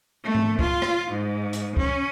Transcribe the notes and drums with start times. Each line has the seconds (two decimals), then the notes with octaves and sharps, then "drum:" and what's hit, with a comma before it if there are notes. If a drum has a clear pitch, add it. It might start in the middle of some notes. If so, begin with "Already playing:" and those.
0.24 A3
0.35 drum: tom G#2
0.59 F4, drum: kick C#2
0.82 drum: rim click
1.11 G#2
1.53 drum: hi-hat
1.77 C#4, drum: kick C#2